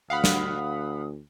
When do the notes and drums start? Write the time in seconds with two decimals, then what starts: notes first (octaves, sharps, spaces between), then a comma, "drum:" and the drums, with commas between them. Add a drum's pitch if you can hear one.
0.10 D2 F5 F#5 B5 D#6
0.24 drum: snare